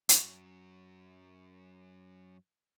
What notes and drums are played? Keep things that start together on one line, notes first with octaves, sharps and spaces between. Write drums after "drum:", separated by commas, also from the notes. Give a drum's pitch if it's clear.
F#2 F#3, drum: hi-hat